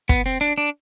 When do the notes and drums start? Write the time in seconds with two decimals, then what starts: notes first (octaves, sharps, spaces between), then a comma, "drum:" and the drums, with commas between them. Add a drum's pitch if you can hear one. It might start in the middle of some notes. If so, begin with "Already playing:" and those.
0.09 B3, drum: kick
0.26 C4
0.41 D4
0.58 D4